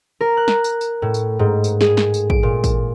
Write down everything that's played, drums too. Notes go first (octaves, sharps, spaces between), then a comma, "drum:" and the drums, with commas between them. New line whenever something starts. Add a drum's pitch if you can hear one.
A#4
F#6
drum: snare
drum: tambourine
drum: tambourine
A2
drum: tambourine
G#2
drum: tambourine
G#4, drum: snare
drum: snare
drum: tambourine
D7, drum: kick
A#2
drum: kick, tambourine